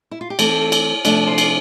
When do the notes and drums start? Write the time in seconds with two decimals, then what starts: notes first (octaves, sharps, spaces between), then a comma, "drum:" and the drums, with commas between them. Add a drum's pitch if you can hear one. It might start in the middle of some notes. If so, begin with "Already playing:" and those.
0.11 E4
0.21 F4
0.30 G4
0.39 E3 A3 C4 A4, drum: cymbal
0.72 drum: cymbal
1.05 C3 F3 A3 D4 E5, drum: cymbal
1.27 C5
1.38 drum: cymbal